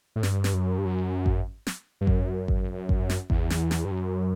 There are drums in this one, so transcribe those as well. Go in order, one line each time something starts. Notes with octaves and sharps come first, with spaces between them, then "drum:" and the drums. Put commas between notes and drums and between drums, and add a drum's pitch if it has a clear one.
A2
G2, drum: snare
drum: snare
F#2
G2
F#2
drum: kick G#1
drum: snare
G2
F#2, drum: kick G#1
drum: kick G#1
drum: kick G#1
drum: snare
E2, drum: kick G#1
drum: snare
drum: snare
G2
F#2